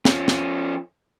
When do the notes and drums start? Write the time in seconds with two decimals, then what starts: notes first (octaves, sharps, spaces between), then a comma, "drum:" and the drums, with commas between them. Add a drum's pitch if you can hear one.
0.05 F3 C#4, drum: snare
0.28 drum: snare